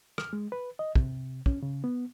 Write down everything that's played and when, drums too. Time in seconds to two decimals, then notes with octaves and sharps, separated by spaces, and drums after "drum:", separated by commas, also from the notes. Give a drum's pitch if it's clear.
0.18 F6, drum: rim click
0.33 G#3
0.52 B4
0.79 D#5
0.95 C3, drum: kick
1.46 C#4, drum: kick
1.62 C#3
1.84 B3